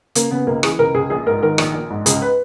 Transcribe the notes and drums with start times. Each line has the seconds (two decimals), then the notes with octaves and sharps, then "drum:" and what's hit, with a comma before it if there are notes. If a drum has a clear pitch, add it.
0.15 C#3 A#3, drum: hi-hat
0.31 C#3 B3
0.47 C#2 A#3
0.63 E3 G#4, drum: rim click
0.79 C#2 A#4
0.95 C#2 G#4
1.10 A#1 G#4
1.27 G#2 A#4
1.42 D#3 A#4
1.58 A#1, drum: rim click
1.74 A#1
1.90 G#2
2.06 C#2 G#4, drum: hi-hat
2.22 B4